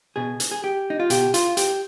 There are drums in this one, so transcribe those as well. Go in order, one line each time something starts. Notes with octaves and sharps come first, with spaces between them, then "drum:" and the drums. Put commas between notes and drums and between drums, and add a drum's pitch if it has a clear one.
B2 G#4
drum: hi-hat
G#4
G4
D#4
F4
B2 G4, drum: hi-hat
F4, drum: hi-hat
G4, drum: hi-hat